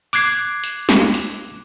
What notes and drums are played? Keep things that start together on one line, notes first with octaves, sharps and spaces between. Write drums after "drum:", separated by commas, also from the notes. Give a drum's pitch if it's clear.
D6 F#6 G#6 C7, drum: open hi-hat
drum: hi-hat
drum: snare
drum: open hi-hat